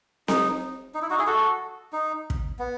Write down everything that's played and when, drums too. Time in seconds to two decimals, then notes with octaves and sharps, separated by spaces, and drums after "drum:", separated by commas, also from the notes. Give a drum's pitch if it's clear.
0.28 D#4, drum: snare C4
0.94 D#4
1.02 E4
1.10 D#4 F#4
1.18 E4 G#4
1.27 F#4 A4
1.93 D#4
2.30 drum: kick
2.59 B3